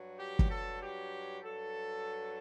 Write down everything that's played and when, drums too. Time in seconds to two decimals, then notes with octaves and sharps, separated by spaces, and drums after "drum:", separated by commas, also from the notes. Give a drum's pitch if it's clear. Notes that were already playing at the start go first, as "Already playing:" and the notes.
Already playing: G2 F#3
0.18 G4
0.39 drum: kick
0.49 A4
0.81 G4
1.43 G2 F#3 A4